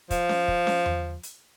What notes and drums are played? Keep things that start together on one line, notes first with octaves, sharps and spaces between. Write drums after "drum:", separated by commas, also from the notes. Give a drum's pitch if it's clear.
F3, drum: kick, hi-hat
drum: snare C#4
drum: kick
drum: snare C#4
drum: tom E2
drum: hi-hat